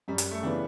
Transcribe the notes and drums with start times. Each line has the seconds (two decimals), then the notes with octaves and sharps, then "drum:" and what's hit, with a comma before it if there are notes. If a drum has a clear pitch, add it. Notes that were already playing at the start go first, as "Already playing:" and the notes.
0.08 F#2 G3
0.18 drum: hi-hat
0.31 A3
0.43 C#3 E3 B3 D4